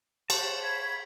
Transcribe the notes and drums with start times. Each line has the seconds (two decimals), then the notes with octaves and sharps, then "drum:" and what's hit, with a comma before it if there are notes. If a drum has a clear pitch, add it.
0.30 G4 C5 C#5 A5, drum: cymbal
0.60 B5 G#6